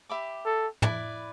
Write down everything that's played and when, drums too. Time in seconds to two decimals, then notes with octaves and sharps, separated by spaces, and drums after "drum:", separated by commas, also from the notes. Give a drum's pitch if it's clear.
0.09 G4 E5 B5 D6
0.46 A4
0.82 E4 B4 D5, drum: tom